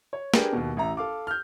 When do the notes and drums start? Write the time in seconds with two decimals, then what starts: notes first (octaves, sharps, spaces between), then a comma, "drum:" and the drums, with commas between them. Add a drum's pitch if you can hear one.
0.13 C#5
0.34 D4 G4 G#4 A#4 B4, drum: snare
0.53 D#2 B2
0.77 A1 E5 A#5
0.97 A4 F5 D6
1.27 F6 G6